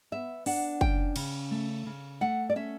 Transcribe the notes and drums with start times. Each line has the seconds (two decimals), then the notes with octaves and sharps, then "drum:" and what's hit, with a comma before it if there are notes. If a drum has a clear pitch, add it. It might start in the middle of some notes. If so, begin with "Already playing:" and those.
0.12 B3 E5
0.46 D4 F#5, drum: open hi-hat
0.81 C#4 G5, drum: kick
1.16 C#3, drum: cymbal
1.51 A3
1.86 C#3
2.21 A3 F#5
2.50 D5
2.56 C#4 E5